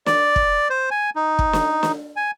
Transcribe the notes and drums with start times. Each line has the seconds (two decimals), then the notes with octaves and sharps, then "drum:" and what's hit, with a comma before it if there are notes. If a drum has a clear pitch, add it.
0.06 D5, drum: snare
0.36 drum: kick
0.70 C5
0.91 G#5
1.16 D#4
1.39 drum: kick
1.53 drum: snare
1.83 drum: snare
2.16 G#5